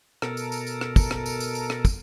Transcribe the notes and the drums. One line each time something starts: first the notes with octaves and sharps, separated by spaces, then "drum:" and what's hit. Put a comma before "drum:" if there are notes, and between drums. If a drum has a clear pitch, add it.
B2 A4 A#4, drum: rim click
drum: tambourine
drum: tambourine
drum: tambourine
drum: rim click
drum: kick, tambourine
drum: rim click
drum: tambourine
drum: tambourine
drum: tambourine
drum: rim click
drum: kick, tambourine